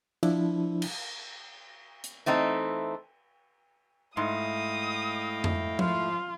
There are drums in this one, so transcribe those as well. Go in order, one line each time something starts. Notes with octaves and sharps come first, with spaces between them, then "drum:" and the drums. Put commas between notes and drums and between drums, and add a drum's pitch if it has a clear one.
F3 D4 E4, drum: cymbal
drum: cymbal
drum: hi-hat
E3 A3 C4 D#4
G#2 A3 E4 D#5 F5 G5 D#6
drum: tom F2
F3 F4, drum: tom F3